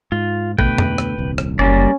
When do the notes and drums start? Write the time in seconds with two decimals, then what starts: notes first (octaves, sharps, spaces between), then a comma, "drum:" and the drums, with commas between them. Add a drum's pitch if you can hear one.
0.12 G#2 F4
0.59 D2 B2 A3 B4 G5, drum: kick
0.78 drum: tom F2
0.98 drum: rim click
1.18 D#1 C2
1.38 drum: rim click
1.59 F#1 G3 A#3 C#4 D5